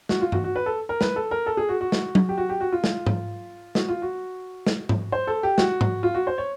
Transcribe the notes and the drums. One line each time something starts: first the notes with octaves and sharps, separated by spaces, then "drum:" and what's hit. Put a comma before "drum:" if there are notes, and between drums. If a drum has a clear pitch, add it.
F#4, drum: snare
F4
F#4, drum: tom G2
F#4
B4
A4
A#4
B4, drum: snare
A4
A#4
A4
G#4
F#4
F#4
drum: snare
drum: tom F#3
G4
F#4
G4
F#4
F4
drum: snare
drum: tom G#2
F#4, drum: snare
F4
F#4
drum: snare
drum: tom G#2
C5
A4
G4
F#4, drum: snare
drum: tom G#2
F4
F#4
C5
C#5